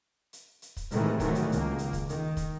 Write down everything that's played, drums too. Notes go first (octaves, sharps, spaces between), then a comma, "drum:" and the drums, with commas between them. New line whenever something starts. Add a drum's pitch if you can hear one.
drum: hi-hat
drum: hi-hat
drum: kick, hi-hat
A2 C3 D#3 E3 G#3 A3, drum: hi-hat
D#3 E3 F#3 A3, drum: kick, hi-hat
drum: hi-hat
C#2 A#3, drum: hi-hat
drum: hi-hat
drum: kick, hi-hat
D#3, drum: hi-hat
drum: kick, hi-hat